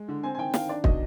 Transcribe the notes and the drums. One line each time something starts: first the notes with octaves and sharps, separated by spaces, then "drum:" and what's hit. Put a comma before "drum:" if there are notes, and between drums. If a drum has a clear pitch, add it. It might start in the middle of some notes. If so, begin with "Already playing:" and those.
Already playing: G#3
D3
C4 G#5
G#5
D#3 G5
D#3 F5, drum: snare
D4 D5
B2 D#5, drum: kick